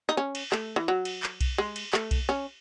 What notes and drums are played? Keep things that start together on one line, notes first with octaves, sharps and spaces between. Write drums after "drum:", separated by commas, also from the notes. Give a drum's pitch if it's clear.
D#4
C#4
drum: cymbal
A3, drum: clap
E3
F#3
drum: cymbal
drum: clap
drum: kick B1, cymbal
G#3
drum: cymbal
A3, drum: clap
drum: kick B1, cymbal
C#4